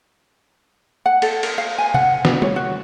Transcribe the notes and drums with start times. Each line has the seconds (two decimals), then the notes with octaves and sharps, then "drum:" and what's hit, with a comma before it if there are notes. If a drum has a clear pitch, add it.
1.06 F#5
1.22 A4, drum: cymbal
1.43 A#4, drum: cymbal
1.58 F5
1.79 G#5
1.94 F#5, drum: tom C3
2.25 D4, drum: snare
2.42 C#5, drum: tom G3
2.56 F#4